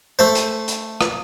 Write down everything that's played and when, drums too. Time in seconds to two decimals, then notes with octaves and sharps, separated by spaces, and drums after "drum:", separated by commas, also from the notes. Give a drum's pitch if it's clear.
0.19 A3 C5
0.35 drum: hi-hat
0.68 drum: hi-hat
1.01 drum: rim click